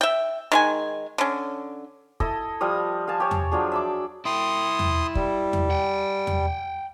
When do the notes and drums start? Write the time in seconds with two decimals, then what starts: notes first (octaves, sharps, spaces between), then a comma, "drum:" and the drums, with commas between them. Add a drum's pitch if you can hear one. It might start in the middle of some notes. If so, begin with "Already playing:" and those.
0.01 E5 G5
0.52 D#3 G#3 G#5
1.18 D3 C#4
2.20 E4 A4 D#5, drum: kick
2.61 F3 G3 D#6
3.07 F5 G#5 A5
3.20 G4 C#5
3.31 drum: tom E2
3.52 F3 F#3 D4 G#4
3.72 E5 B5 D6
4.25 E4 G5 C6 D#6
4.79 drum: tom E2
5.15 G3, drum: kick
5.53 drum: tom E2
5.71 F#5 G5
6.27 drum: tom E2